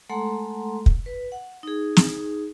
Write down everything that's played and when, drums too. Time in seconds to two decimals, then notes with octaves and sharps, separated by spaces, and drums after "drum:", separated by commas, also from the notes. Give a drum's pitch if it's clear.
0.10 G#3 A3 A4 F#5 A#5 C6
0.86 drum: kick
1.06 B4
1.32 F#5
1.63 D#4 G#4
1.97 drum: snare